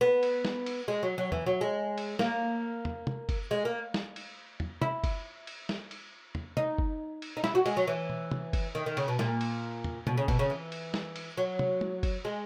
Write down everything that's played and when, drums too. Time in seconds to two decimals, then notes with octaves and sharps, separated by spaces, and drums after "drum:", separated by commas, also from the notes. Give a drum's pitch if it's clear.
0.01 B3
0.23 drum: cymbal
0.45 drum: snare
0.66 drum: cymbal
0.88 G#3
1.03 F#3
1.18 F#3
1.32 E3, drum: tom
1.46 F#3
1.61 G#3
1.98 drum: cymbal
2.19 A#3, drum: snare
2.85 drum: tom
3.07 drum: tom
3.29 drum: kick F#1, cymbal
3.51 G#3
3.65 A#3
3.94 drum: snare
4.16 drum: cymbal
4.60 drum: tom
4.82 E4, drum: tom
5.04 drum: kick F#1, cymbal
5.47 drum: cymbal
5.69 drum: snare
5.91 drum: cymbal
6.35 drum: tom
6.57 D#4, drum: tom
6.78 drum: kick F#1
7.22 drum: cymbal
7.37 D#4
7.44 E4, drum: snare
7.55 F#4
7.66 G#3, drum: cymbal
7.77 F#3
7.87 E3
8.10 drum: tom
8.31 drum: tom
8.53 drum: kick F#1, cymbal
8.75 D#3
8.86 D#3
8.97 C#3, drum: cymbal
9.08 B2
9.19 A#2, drum: snare
9.41 drum: cymbal
9.84 drum: tom
10.07 B2, drum: tom
10.17 C#3
10.28 B2, drum: kick F#1, cymbal
10.39 C#3
10.50 E3
10.72 drum: cymbal
10.94 drum: snare
11.16 drum: cymbal
11.38 F#3
11.59 drum: tom
11.81 drum: tom
12.03 drum: kick F#1, cymbal
12.25 G#3